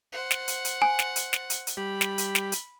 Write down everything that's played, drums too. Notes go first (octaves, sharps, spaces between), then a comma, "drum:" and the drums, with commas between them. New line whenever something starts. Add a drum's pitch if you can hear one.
C5 F#5
drum: snare
drum: hi-hat
drum: hi-hat
G#5
drum: snare
drum: hi-hat
drum: snare
drum: hi-hat
drum: hi-hat
G3 G4 B5
drum: snare
drum: hi-hat
drum: snare
drum: hi-hat